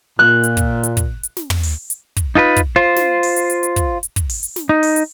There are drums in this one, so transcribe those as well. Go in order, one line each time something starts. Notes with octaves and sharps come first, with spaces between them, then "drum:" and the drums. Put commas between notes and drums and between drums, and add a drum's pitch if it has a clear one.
A#2 F#6
drum: hi-hat
drum: kick, hi-hat
drum: hi-hat
drum: kick, hi-hat
drum: hi-hat
drum: snare
drum: tom
drum: open hi-hat
drum: hi-hat
drum: kick, hi-hat
D#4 F4 A4 B4
drum: kick, hi-hat
F4 C5
drum: snare
drum: open hi-hat
drum: hi-hat
drum: hi-hat
drum: hi-hat
drum: kick, hi-hat
drum: hi-hat
drum: kick, hi-hat
drum: open hi-hat
drum: hi-hat
drum: snare
D#4
drum: open hi-hat
drum: hi-hat